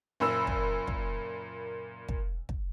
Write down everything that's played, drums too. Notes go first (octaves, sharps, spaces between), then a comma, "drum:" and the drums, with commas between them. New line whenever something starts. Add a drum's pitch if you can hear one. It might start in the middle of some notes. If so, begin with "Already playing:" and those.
F#1 A#2 B5 E6
drum: kick
drum: kick
drum: kick
drum: kick